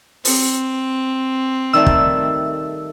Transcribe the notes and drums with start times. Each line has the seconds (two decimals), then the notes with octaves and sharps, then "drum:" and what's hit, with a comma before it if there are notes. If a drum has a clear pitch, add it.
0.25 C4, drum: open hi-hat
1.73 D#3 G3 A3 E6
1.87 drum: kick